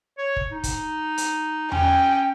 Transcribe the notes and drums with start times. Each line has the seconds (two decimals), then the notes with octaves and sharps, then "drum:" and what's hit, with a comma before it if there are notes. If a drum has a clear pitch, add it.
0.18 C#5
0.37 drum: kick
0.52 D#4
0.64 drum: kick, hi-hat
1.18 drum: hi-hat
1.72 C#4 G5, drum: tom E2